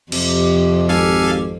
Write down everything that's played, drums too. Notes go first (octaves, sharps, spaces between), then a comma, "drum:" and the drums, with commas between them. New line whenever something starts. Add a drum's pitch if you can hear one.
F2 C3 G4, drum: cymbal
G#1 G4 A4 F5 G#5